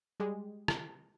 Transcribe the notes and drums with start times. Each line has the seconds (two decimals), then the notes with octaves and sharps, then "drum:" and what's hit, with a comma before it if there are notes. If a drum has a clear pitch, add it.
0.20 G3 G#3 G4 G#4
0.68 drum: rim click